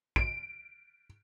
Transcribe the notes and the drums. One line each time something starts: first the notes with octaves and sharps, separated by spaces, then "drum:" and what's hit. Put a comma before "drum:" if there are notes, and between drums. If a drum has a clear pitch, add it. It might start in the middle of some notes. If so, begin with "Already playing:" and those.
D7, drum: kick